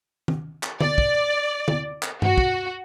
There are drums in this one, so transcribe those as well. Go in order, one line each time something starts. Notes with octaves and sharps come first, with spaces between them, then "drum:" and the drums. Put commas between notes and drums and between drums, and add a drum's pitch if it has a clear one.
drum: tom D#3
drum: clap
D5, drum: tom D3
drum: kick
drum: tom D3
drum: clap
F#4, drum: tom G2
drum: kick